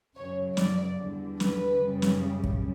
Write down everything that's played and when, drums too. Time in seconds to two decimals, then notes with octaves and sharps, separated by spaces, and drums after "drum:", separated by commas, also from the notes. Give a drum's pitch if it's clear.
0.16 F#2 C#3 F#3 C#5
0.57 D5, drum: snare
0.99 E2 D3 G3
1.40 B4, drum: snare
1.81 F#2 C#3 G3
2.02 drum: snare
2.44 drum: kick